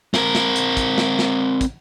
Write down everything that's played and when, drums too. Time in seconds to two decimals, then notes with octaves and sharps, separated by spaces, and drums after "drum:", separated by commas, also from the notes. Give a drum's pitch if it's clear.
0.14 C4 A#4, drum: snare
0.35 drum: snare
0.56 drum: hi-hat
0.77 drum: kick, hi-hat
0.98 drum: snare
1.19 drum: snare
1.61 drum: kick, hi-hat